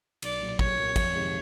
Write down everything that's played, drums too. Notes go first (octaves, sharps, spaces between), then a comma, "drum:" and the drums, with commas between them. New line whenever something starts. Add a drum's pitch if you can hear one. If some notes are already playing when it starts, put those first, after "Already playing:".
B1 D5, drum: cymbal
A#2 F#3 A#3
B1 C#5, drum: kick
A#2 F#3 A#3
F2, drum: kick, cymbal
C3 D#3 G#3